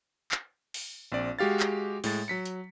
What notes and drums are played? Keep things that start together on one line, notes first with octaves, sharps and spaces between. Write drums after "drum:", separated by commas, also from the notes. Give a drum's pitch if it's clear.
drum: clap
drum: open hi-hat
A#1 C4 D5
G#3 F#4 G4 F5 A6
drum: clap
A2 G#3 A6, drum: open hi-hat
F#3 B6 C#7
drum: hi-hat